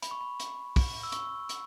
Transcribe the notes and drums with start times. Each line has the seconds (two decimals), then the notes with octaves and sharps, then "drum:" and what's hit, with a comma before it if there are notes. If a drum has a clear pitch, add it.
0.02 B5, drum: hi-hat
0.11 C#6
0.21 B5
0.40 drum: hi-hat
0.76 drum: kick, open hi-hat
1.03 E6
1.12 C#6, drum: hi-hat
1.49 drum: hi-hat